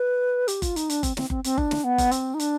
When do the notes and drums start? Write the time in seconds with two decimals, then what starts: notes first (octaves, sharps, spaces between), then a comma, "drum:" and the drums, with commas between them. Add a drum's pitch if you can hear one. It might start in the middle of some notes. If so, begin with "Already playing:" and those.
Already playing: B4
0.48 G4, drum: hi-hat
0.62 F4, drum: kick F#1, hi-hat
0.76 D#4, drum: hi-hat
0.90 D4, drum: hi-hat
1.03 C4, drum: kick F#1, hi-hat
1.17 C4, drum: snare
1.30 C4, drum: kick F#1
1.44 C4, drum: hi-hat
1.58 D4, drum: kick F#1
1.71 drum: snare
1.84 B3
1.98 drum: kick F#1, hi-hat
2.11 C4, drum: hi-hat
2.34 D#4
2.40 D4, drum: hi-hat